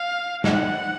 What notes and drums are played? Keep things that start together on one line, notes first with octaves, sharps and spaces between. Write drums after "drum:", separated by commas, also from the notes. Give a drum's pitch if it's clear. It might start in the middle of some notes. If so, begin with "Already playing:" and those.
Already playing: F5
F#5, drum: snare